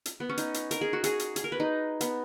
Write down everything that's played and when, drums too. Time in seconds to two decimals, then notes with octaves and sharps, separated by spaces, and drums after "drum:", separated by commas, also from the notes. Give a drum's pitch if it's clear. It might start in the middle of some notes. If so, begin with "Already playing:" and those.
0.06 drum: hi-hat
0.20 B3
0.29 C#4
0.38 D#4, drum: hi-hat
0.54 drum: hi-hat
0.71 A#4, drum: hi-hat
0.81 G#4
0.93 F#4
1.04 G#4, drum: hi-hat
1.19 drum: hi-hat
1.36 G#4, drum: hi-hat
1.44 A#4
1.52 B4
1.60 D#4
2.01 B3, drum: hi-hat